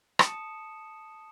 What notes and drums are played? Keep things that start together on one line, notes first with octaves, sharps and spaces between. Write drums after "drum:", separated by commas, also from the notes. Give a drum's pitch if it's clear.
A5 D#6 C#7 E7, drum: rim click